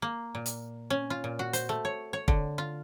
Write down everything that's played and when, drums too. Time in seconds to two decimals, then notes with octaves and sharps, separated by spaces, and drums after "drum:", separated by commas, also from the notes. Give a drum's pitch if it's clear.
0.02 A#3
0.35 A#2
0.46 drum: hi-hat
0.90 C#4
1.10 F4
1.24 A#2
1.39 F#4
1.53 C5, drum: hi-hat
1.69 A3
1.85 C#5
2.13 C#5
2.28 D3, drum: kick
2.58 F4